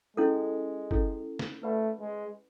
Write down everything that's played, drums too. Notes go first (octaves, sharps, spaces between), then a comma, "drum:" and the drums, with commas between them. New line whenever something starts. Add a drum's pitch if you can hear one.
G#3 C#4 E4 A4
C#4 E4 A4, drum: kick G1
drum: snare
A3 B4 D5 F#5 B5
G#3